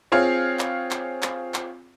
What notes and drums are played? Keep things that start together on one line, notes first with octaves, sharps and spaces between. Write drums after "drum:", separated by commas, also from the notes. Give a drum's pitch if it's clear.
C4 F4 G#4 C#5 F5
drum: clap
drum: clap
drum: clap
drum: clap